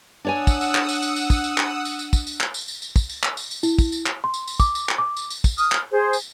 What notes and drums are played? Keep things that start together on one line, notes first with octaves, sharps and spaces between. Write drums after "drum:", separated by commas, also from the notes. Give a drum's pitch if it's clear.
D4 C#5 F#5 G#5 D#6 E6
drum: kick, tambourine
drum: tambourine
drum: clap
drum: tambourine
drum: tambourine
drum: tambourine
drum: kick, tambourine
drum: tambourine
drum: clap
drum: tambourine
drum: tambourine
drum: kick, tambourine
drum: tambourine
drum: clap
drum: tambourine
drum: tambourine
drum: tambourine
drum: kick, tambourine
drum: tambourine
drum: clap
drum: tambourine
drum: tambourine
E4, drum: tambourine
drum: kick, tambourine
drum: tambourine
drum: clap
C6
drum: tambourine
drum: tambourine
D6, drum: kick, tambourine
drum: tambourine
drum: clap
D6
drum: tambourine
drum: tambourine
drum: kick, tambourine
D#6 F6, drum: tambourine
drum: clap
G#4 C5
drum: tambourine